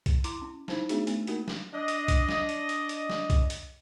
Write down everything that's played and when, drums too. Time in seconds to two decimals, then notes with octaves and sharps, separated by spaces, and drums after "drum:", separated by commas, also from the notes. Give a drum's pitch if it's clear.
0.06 drum: kick C2, hi-hat
0.24 E4 A#5 C6 D6, drum: hi-hat
0.42 C#4
0.68 D#4 E4 C5 A5, drum: snare
0.89 A3 B3 D4 D#4 F#4 G#4, drum: hi-hat
1.07 A3 B3, drum: hi-hat
1.27 A#3 D#4 F#4 G4 A#4, drum: hi-hat
1.48 drum: snare
1.74 D4 D#5
1.88 drum: hi-hat
2.08 drum: kick C2, hi-hat
2.29 drum: snare
2.49 drum: hi-hat
2.69 drum: hi-hat
2.89 drum: hi-hat
3.10 drum: snare
3.30 drum: kick C2, hi-hat
3.50 drum: hi-hat